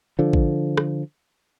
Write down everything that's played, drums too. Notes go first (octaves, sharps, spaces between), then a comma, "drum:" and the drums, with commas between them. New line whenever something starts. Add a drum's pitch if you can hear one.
D3 F3
drum: kick A1
drum: rim click